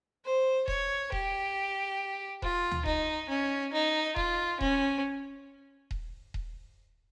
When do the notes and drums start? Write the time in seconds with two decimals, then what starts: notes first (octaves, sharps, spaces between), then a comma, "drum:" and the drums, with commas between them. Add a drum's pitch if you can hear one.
0.25 C5
0.68 C#5, drum: kick D#1
1.12 G4, drum: kick D#1
2.42 F4, drum: kick D#1
2.71 drum: tom D2
2.86 D#4, drum: kick D#1
3.29 C#4
3.73 D#4
4.16 F4, drum: kick D#1
4.61 C#4, drum: kick D#1
5.91 drum: kick D#1
6.34 drum: kick D#1